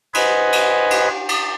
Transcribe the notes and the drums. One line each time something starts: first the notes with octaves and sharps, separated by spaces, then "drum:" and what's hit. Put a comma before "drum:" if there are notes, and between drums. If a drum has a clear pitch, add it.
B4 C5 D#5 F#5 G#5 B5, drum: cymbal
drum: cymbal
drum: cymbal
drum: cymbal